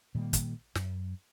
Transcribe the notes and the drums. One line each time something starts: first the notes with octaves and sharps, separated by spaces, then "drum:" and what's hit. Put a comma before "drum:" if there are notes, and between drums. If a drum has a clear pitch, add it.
A#2 D#3 G3 A#3
drum: kick, hi-hat
F#2, drum: snare